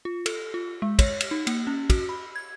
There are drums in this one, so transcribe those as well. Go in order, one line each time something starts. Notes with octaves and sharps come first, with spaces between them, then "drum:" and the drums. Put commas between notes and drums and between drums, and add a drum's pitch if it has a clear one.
F4
A4, drum: cymbal
F4
G#3
C#5, drum: kick, cymbal
drum: cymbal
D#4
A#3, drum: cymbal
C#4
F#4, drum: kick, cymbal
B5
G#6